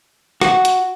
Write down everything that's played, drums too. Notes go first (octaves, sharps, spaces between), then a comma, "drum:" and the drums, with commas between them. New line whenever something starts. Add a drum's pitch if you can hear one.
F#4, drum: rim click
drum: hi-hat